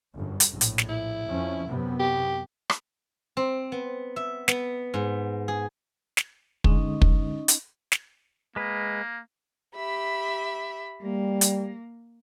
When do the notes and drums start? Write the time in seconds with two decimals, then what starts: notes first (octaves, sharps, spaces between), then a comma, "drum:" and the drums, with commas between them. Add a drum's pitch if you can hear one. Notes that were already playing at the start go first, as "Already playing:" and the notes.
0.15 G1 F#2
0.40 drum: hi-hat
0.51 A#1 A2
0.61 drum: hi-hat
0.78 drum: snare
0.89 E4
1.27 F2 F3 C#4
1.66 F#2 C3 B3
1.99 G4
2.70 drum: rim click
3.37 C4
3.72 B3
4.16 E5
4.48 B3, drum: snare
4.94 G#2
5.48 G#4
6.17 drum: snare
6.64 D3 G#3 C#4 D#4 D#5, drum: kick
7.02 drum: kick
7.48 drum: hi-hat
7.92 drum: snare
8.56 G#3 A#3 B4
9.76 G4 E5 B5
11.02 G3 A#3
11.41 drum: hi-hat